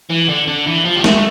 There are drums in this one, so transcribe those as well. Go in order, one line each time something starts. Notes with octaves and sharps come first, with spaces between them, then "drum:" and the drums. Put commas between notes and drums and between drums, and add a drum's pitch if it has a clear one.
E3
D3
D3
E3
F3
G3
A3, drum: snare